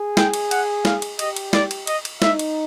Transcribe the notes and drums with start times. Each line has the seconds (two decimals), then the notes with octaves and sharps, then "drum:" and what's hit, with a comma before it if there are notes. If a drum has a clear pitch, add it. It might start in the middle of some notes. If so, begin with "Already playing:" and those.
Already playing: G#4
0.17 G5, drum: snare
0.34 drum: cymbal
0.51 F#5, drum: cymbal
0.85 F5, drum: snare
1.02 drum: cymbal
1.19 G4 D#5, drum: cymbal
1.36 drum: cymbal
1.53 D5, drum: snare
1.71 drum: cymbal
1.87 D#5, drum: cymbal
2.05 drum: cymbal
2.22 D#4 E5, drum: snare
2.39 drum: cymbal